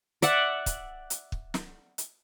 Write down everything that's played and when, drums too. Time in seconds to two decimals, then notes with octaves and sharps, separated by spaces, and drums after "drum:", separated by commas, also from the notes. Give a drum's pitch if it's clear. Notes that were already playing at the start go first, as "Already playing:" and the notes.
0.22 D5 E5 F#5, drum: hi-hat
0.66 drum: kick, hi-hat
1.10 drum: hi-hat
1.32 drum: kick
1.54 drum: snare
1.98 drum: hi-hat